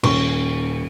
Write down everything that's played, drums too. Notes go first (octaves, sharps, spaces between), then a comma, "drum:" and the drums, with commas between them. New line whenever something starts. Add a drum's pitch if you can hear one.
D#1 C#4 C#6, drum: cymbal